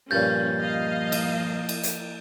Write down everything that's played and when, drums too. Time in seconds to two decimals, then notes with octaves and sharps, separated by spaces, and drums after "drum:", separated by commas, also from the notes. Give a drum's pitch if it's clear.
0.11 G2 A#2 F3 G3 A#3 C#4 G6 A6
0.62 D#5 F5
1.12 drum: cymbal
1.69 drum: cymbal
1.83 drum: hi-hat